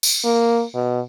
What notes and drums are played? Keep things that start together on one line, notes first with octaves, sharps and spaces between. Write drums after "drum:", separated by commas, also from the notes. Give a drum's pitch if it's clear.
drum: tambourine
A#3
B2